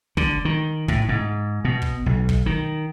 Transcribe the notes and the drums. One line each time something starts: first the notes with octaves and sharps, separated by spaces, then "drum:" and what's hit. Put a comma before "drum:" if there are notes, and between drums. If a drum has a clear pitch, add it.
D3, drum: kick
D#3
A2, drum: kick
G#2
B2
drum: kick
B1
drum: kick
D#3